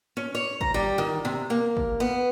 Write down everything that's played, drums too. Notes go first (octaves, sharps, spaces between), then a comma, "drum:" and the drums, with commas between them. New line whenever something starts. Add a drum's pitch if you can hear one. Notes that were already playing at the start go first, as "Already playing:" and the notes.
C#4
C#5
A#5, drum: kick
G3
D#3
C3
A#3
drum: kick
B3